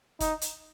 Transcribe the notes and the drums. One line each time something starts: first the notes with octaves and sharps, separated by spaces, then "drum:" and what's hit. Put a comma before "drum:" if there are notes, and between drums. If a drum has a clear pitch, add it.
D#4, drum: kick, hi-hat
drum: hi-hat